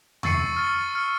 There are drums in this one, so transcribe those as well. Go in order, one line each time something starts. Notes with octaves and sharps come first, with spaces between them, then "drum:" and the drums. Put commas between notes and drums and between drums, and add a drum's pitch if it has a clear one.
C#6 E6 A6 C7 C#7 D#7, drum: tom E2
F6 A6 C#7
F6 C#7